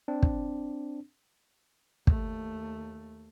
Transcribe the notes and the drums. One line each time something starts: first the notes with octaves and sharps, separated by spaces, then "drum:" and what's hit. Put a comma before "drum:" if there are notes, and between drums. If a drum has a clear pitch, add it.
C4 D4
drum: kick
D#2 A3, drum: kick